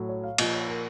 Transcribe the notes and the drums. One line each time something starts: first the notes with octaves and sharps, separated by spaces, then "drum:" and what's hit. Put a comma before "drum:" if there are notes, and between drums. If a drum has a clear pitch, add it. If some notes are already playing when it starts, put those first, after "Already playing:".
Already playing: A2 F#3
C#5
F5
A#2 F3 D#5, drum: cymbal
C#5
A#4